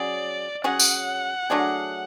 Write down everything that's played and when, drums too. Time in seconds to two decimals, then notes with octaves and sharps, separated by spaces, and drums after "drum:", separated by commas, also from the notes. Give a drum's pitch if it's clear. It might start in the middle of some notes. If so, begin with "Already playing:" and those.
Already playing: F#3 C#4 G#4 D5
0.64 F#3 C#4 G#4 F#5
0.80 drum: tambourine
1.50 F#3 A3 D4 G#4